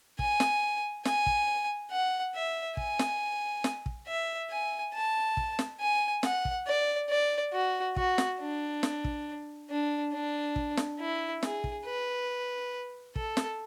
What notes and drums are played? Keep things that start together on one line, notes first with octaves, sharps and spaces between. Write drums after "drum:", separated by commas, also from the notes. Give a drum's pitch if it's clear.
G#5, drum: kick
drum: snare
G#5, drum: snare
drum: kick
F#5
E5
G#5, drum: kick
drum: snare
drum: snare
drum: kick
E5
G#5
A5
drum: kick
drum: snare
G#5
F#5, drum: snare
drum: kick
D5
D5
F#4
F#4, drum: kick
drum: snare
D4
drum: snare
drum: kick
D4
D4
drum: kick
drum: snare
E4
G#4, drum: snare
drum: kick
B4
A4, drum: kick
drum: snare